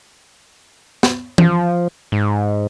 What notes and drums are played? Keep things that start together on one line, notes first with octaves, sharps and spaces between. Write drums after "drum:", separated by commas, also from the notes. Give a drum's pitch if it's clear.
drum: snare
F3, drum: tom
G#2